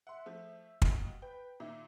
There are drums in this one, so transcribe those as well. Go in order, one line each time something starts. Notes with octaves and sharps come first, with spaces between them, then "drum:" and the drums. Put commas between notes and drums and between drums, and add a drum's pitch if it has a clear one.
E5 F#5 C6
F3 A3
D#2 B2, drum: kick
B4 G5
A#2 D#3 E5